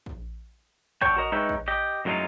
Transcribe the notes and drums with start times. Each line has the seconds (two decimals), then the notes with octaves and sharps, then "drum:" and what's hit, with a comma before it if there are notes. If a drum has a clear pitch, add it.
0.06 drum: kick A#1
1.02 D3 C#5 G5, drum: kick A#1
1.16 F#4 A#4 D#5
1.32 G#3 D#4 B4 C#5 E5 G5
1.49 drum: kick A#1
1.68 G4 D#5
2.05 F#2 A2 F#3 G#3 D#4 F4